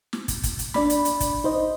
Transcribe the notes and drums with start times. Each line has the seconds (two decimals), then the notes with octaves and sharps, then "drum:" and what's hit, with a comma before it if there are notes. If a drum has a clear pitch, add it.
0.13 drum: snare
0.28 drum: kick, hi-hat
0.44 drum: kick, hi-hat
0.59 drum: hi-hat
0.74 D4 D5 B5, drum: snare
0.90 drum: hi-hat
1.05 drum: hi-hat
1.20 drum: kick, hi-hat
1.44 D#4 C5 D#5